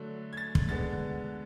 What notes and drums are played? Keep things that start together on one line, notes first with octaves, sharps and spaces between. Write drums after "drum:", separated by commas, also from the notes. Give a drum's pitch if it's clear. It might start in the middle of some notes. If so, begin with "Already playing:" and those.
Already playing: D3 F#3 A3 D4
G#6
A6
drum: kick
D3 G#3 B3 D4 A6